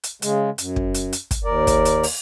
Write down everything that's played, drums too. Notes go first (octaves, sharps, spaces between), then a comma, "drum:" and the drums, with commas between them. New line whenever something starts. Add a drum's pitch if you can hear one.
drum: hi-hat
C#3 G#3, drum: hi-hat
F#2, drum: hi-hat
drum: kick
drum: hi-hat
drum: hi-hat
drum: kick, hi-hat
D#2 A#4 D5
drum: kick, hi-hat
drum: hi-hat
drum: open hi-hat